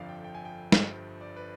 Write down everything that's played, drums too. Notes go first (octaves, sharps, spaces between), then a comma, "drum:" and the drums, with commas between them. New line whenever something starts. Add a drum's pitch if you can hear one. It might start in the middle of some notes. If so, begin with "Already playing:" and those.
Already playing: G1 F2 D3 F3 D5 F5
G5
G5
G#5
G5
G1 G2 F3 G5, drum: snare
D5
B4